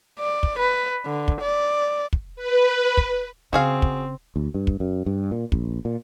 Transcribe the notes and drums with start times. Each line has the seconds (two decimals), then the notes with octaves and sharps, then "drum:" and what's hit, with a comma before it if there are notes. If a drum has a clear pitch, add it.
0.19 D5
0.43 drum: kick
0.59 B4
1.06 D3
1.28 drum: kick
1.41 D5
2.13 drum: kick
2.36 B4
2.97 drum: kick
3.53 C#3 C4 F#4 G#4 F5
3.82 drum: kick
4.36 D2
4.54 G2
4.67 drum: kick
4.80 F#2
5.06 G2
5.31 A#2
5.52 A#1, drum: kick
5.85 A#2